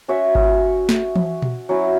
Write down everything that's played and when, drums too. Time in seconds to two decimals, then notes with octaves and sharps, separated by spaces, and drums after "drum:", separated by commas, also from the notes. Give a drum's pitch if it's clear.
0.08 C#4 F#4 C#5 E5
0.35 drum: kick G#1
0.89 drum: snare
1.16 drum: tom E3
1.42 drum: tom A#2
1.69 F#3 C#4 E4